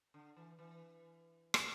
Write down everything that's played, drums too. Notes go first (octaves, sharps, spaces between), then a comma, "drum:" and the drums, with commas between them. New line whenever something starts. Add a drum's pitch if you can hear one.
D3
E3
E3
drum: rim click